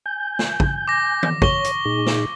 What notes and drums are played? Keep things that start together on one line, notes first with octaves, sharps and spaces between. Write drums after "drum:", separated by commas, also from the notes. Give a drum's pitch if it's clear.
G#5 G6
drum: snare
drum: kick
D6 A#6
drum: tom D#3
C#5 C#6 G7, drum: kick
drum: hi-hat
A#2 D#4 G#4
drum: snare